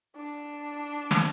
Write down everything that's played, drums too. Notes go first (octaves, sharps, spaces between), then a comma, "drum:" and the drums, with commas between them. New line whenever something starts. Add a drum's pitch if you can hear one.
D4
drum: snare